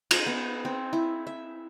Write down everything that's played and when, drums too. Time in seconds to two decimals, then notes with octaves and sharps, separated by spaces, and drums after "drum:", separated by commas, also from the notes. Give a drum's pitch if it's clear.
0.11 A#5, drum: cymbal
0.26 B3
0.65 C4
0.93 E4
1.27 E5